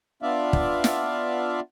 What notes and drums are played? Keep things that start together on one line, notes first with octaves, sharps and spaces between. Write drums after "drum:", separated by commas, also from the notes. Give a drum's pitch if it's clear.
B3 D4 F4 D5 E5 F5
drum: kick
drum: snare